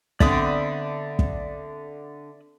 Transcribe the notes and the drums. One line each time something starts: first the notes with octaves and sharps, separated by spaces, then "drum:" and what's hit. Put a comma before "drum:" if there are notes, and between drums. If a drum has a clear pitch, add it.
D3 B3 C4 D5 E5 D#6, drum: kick
drum: kick